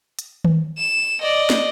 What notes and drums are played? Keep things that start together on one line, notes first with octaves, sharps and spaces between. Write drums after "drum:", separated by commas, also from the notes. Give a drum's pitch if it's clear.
drum: hi-hat
drum: tom D#3
E7
D5 D#5
drum: snare